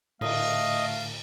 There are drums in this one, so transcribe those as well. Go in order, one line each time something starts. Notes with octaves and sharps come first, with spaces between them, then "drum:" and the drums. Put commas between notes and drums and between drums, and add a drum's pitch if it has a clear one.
A2 D3 A3 D#5 F5, drum: cymbal